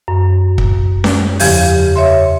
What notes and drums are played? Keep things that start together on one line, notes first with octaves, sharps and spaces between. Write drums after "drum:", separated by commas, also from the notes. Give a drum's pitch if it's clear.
F#2
drum: kick
drum: snare C#4
E2 C#3 F3 G4 F5 G6, drum: open hi-hat
C#5 E5 C6